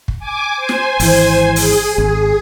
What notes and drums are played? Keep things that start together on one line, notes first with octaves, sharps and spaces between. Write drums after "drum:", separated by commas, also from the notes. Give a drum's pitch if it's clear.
drum: kick
G#5 D6
C5 G#5
drum: snare
G#1 E3, drum: open hi-hat
G#4, drum: open hi-hat
G#1